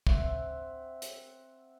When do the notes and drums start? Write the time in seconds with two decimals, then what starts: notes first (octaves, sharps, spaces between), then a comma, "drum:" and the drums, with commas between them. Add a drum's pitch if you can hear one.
0.07 C4 E5 F#5, drum: kick
1.02 drum: hi-hat